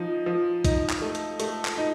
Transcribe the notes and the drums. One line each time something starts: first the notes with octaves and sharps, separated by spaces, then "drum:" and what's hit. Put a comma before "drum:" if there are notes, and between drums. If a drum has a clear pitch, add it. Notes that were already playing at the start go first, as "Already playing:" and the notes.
Already playing: F3 D#4
F3
D#4, drum: kick, hi-hat
drum: clap
A3
drum: hi-hat
A3, drum: hi-hat
drum: clap
D#4